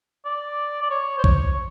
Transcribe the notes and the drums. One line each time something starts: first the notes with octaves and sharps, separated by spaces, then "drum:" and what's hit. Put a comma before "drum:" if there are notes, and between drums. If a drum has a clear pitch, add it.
D5
D5
C#5
C5
C#5, drum: kick B1